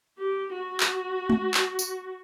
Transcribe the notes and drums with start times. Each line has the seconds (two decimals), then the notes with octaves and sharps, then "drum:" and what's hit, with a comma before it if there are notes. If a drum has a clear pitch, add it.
0.18 G4
0.55 F#4
0.80 drum: clap
1.30 drum: tom G#3
1.54 drum: clap
1.79 drum: tambourine